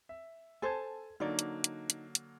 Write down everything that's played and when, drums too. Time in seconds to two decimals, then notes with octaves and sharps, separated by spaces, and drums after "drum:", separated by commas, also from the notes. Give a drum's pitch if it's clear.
0.09 E5
0.62 A4 C5 G#5 A5 G#6
1.20 D3 F#3 A#3 D#4 D5
1.39 drum: hi-hat
1.64 drum: hi-hat
1.90 drum: hi-hat
2.15 drum: hi-hat